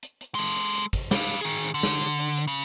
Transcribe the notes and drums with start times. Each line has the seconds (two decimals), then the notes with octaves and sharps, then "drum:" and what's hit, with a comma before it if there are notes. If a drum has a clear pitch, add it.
0.03 drum: hi-hat
0.21 drum: hi-hat
0.35 G#3 A4
0.57 drum: hi-hat
0.75 drum: hi-hat
0.93 drum: kick, hi-hat
1.11 G3 F5, drum: snare
1.29 drum: hi-hat
1.41 D#3 G#4
1.65 drum: hi-hat
1.74 D3
1.83 drum: snare
2.01 drum: hi-hat
2.19 drum: hi-hat
2.37 drum: hi-hat
2.48 C#3